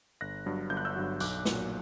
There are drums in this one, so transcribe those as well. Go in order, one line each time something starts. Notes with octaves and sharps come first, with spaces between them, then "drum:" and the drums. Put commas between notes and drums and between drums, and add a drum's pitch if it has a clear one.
G1 F#6 A#6
G2 F#3
G1 G6
F#6
E6 G6
G2 F#3
B1 D6 F#6, drum: tambourine
A#2 F#3, drum: snare